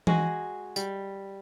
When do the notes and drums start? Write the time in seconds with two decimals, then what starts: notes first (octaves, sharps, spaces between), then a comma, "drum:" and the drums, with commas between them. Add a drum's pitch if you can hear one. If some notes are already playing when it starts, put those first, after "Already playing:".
0.07 G#3 F#4 G#4, drum: tom E3
0.76 G3, drum: tambourine